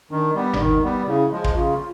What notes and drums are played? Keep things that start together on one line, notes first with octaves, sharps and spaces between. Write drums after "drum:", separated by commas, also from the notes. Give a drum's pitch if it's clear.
D#3 D4
G3 B3
D4, drum: tom G1
D#3 D#4
G3 B3
C#3 E4
F3 G#3
drum: kick
C#3 F4